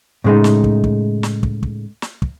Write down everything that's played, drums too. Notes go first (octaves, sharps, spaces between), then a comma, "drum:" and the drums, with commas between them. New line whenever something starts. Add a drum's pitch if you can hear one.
A2 C#3 G#3 A3 D#4
drum: snare
drum: kick
drum: kick
drum: snare
drum: kick
drum: kick
drum: snare
drum: kick